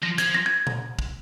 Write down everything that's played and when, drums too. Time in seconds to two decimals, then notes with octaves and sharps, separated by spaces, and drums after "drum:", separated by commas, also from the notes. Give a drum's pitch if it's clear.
0.03 F3 A#6
0.18 F3 G#6, drum: hi-hat
0.34 A#6
0.46 G#6
0.67 drum: tom A#2
0.99 drum: kick